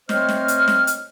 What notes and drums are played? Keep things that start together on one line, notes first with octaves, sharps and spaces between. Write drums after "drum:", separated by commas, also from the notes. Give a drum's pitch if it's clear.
A3 C4 C5 C#5 D#5 F6, drum: snare
drum: snare
drum: hi-hat
drum: snare
drum: hi-hat